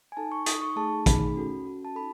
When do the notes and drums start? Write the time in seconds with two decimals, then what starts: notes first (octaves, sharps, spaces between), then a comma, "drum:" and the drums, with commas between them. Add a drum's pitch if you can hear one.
0.12 G#5
0.17 D#4 A4 A5
0.32 C#6
0.46 D#4 A4 D#6, drum: hi-hat
0.62 C#6
0.76 A3 D#4 G#4 A5
1.06 A3 D#4 G#4 B5, drum: kick, hi-hat
1.36 C#4 F#4 A4
1.66 C#4 F#4 A4
1.85 A5
1.96 D#4 F#4 A4 B5